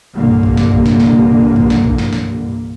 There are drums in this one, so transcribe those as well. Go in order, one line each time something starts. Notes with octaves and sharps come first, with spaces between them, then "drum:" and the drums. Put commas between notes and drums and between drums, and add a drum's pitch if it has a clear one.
C2 G2 A#2 D3 E3 A#3
drum: kick
drum: snare
drum: kick
drum: snare
drum: snare
drum: kick
drum: snare
drum: kick
drum: snare
drum: snare